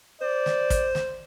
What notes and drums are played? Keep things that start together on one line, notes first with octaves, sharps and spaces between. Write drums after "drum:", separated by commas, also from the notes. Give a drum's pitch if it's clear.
C5 D5
drum: snare
drum: kick, hi-hat
drum: snare